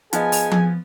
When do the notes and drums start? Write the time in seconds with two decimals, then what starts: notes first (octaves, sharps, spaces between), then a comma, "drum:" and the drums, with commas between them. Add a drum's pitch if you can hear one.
0.13 F3 B3 G#4 D#5 G#5 A5, drum: hi-hat
0.32 drum: open hi-hat
0.51 drum: tom F3